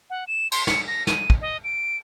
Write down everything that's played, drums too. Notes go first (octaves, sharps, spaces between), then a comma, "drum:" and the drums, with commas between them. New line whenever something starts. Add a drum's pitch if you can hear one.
F#5
E7
C6, drum: cymbal
C#7, drum: snare
A#6
D#7, drum: snare
drum: kick
D#5
D7